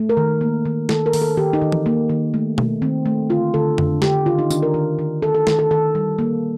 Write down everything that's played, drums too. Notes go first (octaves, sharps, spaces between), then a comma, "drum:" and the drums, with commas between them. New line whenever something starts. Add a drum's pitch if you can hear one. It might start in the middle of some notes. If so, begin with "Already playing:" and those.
Already playing: A3
A#4
D#3
A#3
D#3
D#3 A4, drum: snare
A#4
D#3, drum: open hi-hat
A4
D#3 G4
D#4
D#3
drum: tom E3
A#3
D#3
A3
A3, drum: tom B2
D#3 C4
A3
D3 F4
D3 A4
D3, drum: tom F2
D3 G4, drum: snare
D#3 F4
D#4
D#3 D4, drum: tambourine
A#4
D#3
D#3
D#3 A4
A4
D#3 A4, drum: snare
A4
D#3 A4
G3
A#3